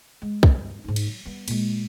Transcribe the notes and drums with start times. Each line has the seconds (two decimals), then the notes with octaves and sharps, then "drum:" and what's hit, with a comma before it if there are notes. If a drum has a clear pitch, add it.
0.22 G#3
0.43 G2, drum: kick
0.84 G#2 D#4
0.96 drum: cymbal
1.07 F#3
1.25 G3 B3
1.48 A#2 G#3, drum: cymbal